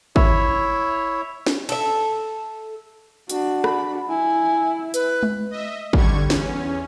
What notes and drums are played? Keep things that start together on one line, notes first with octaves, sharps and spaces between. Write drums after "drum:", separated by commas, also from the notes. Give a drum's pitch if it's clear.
E4 C#5 E5, drum: kick
drum: snare
A4 E5, drum: cymbal
D4 F#4, drum: hi-hat
B5, drum: rim click
E4 G#5
B4, drum: hi-hat
drum: tom G#3
D#5 E5
D3 G3 C#6 G#6, drum: kick
E2 C#4, drum: snare